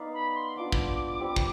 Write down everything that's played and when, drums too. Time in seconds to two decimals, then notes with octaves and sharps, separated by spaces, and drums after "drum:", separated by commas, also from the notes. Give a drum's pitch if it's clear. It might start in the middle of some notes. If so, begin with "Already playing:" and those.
Already playing: B3 D#4 B4 D5 F5
0.14 B5
0.35 C6
0.56 B3 D4 F4 D6
0.72 drum: kick
1.20 G3 C4 G4
1.36 drum: kick